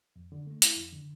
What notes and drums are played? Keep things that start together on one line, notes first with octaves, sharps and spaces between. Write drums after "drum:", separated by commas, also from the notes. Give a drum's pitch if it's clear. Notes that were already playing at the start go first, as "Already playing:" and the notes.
F2
D3
A3
E4, drum: hi-hat
F2
D3